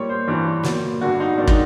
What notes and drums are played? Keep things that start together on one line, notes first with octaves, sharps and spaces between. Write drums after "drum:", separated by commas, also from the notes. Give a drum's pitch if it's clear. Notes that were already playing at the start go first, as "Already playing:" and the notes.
Already playing: A#2 G3 C#5
C5
G2 E3 G3
A#2 F#3, drum: snare
G2 D3 G3 F#4
D#4
G#2 D#3 F#3 D4
D#4, drum: kick